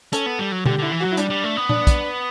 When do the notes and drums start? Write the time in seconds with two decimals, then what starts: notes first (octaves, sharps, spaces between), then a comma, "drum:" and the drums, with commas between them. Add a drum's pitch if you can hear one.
0.13 C#4 A4, drum: hi-hat
0.26 B3
0.39 G3
0.52 F#3
0.66 D3 G4, drum: tom B2
0.78 D3 E4
0.92 E3
1.00 F#3 F#4
1.12 E4
1.17 G3 D4, drum: hi-hat
1.30 G3
1.44 A3
1.57 B3
1.69 D4, drum: tom A#2
1.87 drum: kick, hi-hat